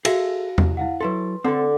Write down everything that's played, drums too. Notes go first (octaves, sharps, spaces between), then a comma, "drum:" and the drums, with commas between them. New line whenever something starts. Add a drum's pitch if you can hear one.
F#4 G#4 A4 E5 F5 A#6, drum: cymbal
C2, drum: tom E2
E4 F5 F#5
F#3 E4 A4 B4 C6
D3 C4 A4